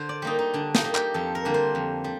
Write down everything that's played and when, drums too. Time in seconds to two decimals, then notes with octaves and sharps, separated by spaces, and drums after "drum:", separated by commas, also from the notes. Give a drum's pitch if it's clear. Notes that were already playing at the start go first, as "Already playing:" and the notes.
Already playing: D3 C5
0.09 D5
0.22 G3 A#3 D#4
0.39 D#4
0.54 D3 D4
0.75 D#4, drum: snare
0.84 G3 A#3
0.95 G4, drum: clap
1.14 F2 A4
1.35 A#4
1.45 D3 G3 A#3
1.54 C5
1.75 F2
2.04 G3